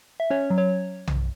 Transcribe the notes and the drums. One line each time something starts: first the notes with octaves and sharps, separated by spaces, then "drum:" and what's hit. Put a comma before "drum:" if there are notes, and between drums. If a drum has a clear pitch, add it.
E5
C#4 C#5
F#3
C#5
drum: tom B1